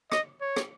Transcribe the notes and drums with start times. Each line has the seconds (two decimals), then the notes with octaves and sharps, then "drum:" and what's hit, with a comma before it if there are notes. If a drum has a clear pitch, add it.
0.12 D#5, drum: rim click
0.41 C#5
0.56 drum: rim click